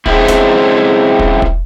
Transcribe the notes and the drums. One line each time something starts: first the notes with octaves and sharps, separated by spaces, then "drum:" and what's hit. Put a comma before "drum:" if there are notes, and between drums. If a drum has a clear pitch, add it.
C#3 F#3 G#3 C4 E4, drum: kick
drum: snare
drum: kick
drum: kick